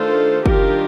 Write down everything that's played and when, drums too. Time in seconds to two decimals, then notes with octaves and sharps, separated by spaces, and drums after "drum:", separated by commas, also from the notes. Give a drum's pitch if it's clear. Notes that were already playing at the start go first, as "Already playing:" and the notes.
Already playing: D#3 A3 D4 F4 A4 C5
0.46 D#3 G3 D4 F4 G4 A#4, drum: kick